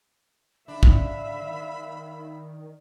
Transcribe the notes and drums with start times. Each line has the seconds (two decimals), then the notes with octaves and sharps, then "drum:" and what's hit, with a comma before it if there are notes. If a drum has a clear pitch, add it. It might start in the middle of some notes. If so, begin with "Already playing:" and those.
0.68 D3 D4 E5 F5 B5
0.83 drum: kick
1.42 D#3